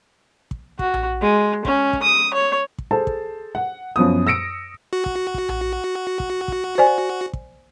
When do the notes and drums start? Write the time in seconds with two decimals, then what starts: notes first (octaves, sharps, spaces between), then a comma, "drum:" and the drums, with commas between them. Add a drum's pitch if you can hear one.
0.51 drum: kick
0.79 F#4, drum: kick
0.94 drum: tom A#1
1.21 G#3
1.65 C#4, drum: kick
1.93 drum: kick
2.02 D#6
2.34 C#5
2.78 drum: kick
2.91 G#4 A4 C5 A5
3.07 drum: kick
3.55 F#5
3.96 F#2 F3 B3 D#6
4.27 E6 A#6 C#7 D7
4.93 F#4
5.06 drum: kick
5.34 drum: kick
5.49 drum: tom A#1
6.20 drum: kick
6.48 drum: kick
6.78 C5 D5 G#5
7.33 drum: kick